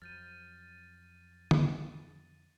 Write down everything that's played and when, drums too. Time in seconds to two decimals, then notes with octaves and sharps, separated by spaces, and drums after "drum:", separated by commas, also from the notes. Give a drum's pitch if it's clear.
0.02 F2 F#3 F6 G6 A6 D#7
1.51 drum: tom